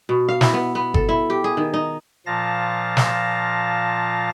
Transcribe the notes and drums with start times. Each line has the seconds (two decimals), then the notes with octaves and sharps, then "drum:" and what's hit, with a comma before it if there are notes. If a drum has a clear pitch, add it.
0.09 B2
0.29 F5
0.41 E4, drum: snare
0.53 B3
0.75 B3
0.94 A4, drum: kick G1
1.09 E4
1.30 G4
1.44 G#4
1.57 D#3
1.74 D#4
2.26 A#2 F3 F5 A5 A#6
2.97 drum: snare